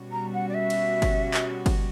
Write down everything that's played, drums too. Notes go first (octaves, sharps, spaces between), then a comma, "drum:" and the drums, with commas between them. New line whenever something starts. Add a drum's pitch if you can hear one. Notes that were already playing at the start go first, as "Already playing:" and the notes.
Already playing: B2 G3 C#4 F#4
A#5
F#5
D5
E5
drum: cymbal
drum: kick G1, cymbal
drum: clap
drum: kick G1, cymbal